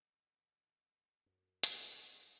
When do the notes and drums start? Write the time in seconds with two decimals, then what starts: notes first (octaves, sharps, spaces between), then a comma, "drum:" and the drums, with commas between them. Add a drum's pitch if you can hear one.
1.26 F#2
1.63 drum: hi-hat